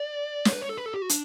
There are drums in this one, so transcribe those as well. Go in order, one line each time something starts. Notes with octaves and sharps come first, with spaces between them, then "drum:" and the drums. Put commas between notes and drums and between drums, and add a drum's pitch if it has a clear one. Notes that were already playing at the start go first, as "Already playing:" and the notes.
Already playing: D5
C#5, drum: snare
B4
C#5
A4
B4
A4
G4
F#4
D4, drum: hi-hat